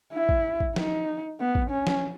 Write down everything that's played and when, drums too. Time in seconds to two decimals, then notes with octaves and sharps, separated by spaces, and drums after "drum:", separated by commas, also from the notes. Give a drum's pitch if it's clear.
0.13 E4
0.29 drum: kick A1
0.60 drum: kick A1
0.76 D#4, drum: snare
1.40 B3
1.55 drum: kick A1
1.70 C#4
1.87 drum: snare